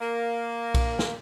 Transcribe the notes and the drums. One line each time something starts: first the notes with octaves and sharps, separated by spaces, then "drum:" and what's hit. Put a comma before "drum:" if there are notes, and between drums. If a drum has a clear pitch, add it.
A#3
drum: kick B1, cymbal
drum: snare